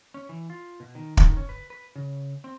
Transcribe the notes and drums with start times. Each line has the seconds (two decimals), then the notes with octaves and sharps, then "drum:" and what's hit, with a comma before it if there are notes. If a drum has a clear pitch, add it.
0.14 C#4
0.29 E3
0.50 F4
0.80 B2
0.95 D#3
1.17 D#3, drum: kick
1.37 C#4
1.49 B4
1.70 B4
1.96 C#3
2.44 C4